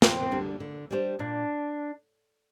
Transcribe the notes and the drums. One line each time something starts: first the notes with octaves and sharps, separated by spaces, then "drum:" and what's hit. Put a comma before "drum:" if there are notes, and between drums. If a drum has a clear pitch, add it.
F2 C4, drum: snare
D3 G3 D4
D3
G3 D4 G4 C5
A#2 D4